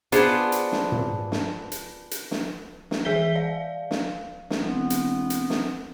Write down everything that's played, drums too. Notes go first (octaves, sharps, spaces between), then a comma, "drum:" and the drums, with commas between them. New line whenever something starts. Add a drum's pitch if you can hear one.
B3 D4 F4 G#4 C5, drum: hi-hat
drum: hi-hat
drum: snare
drum: tom
drum: snare
drum: hi-hat
drum: hi-hat
drum: snare
drum: snare
E3 G#4 E5 G6 B6 G7
D5 F5
drum: snare
drum: snare
E1 B3 C4
drum: hi-hat
drum: hi-hat
drum: snare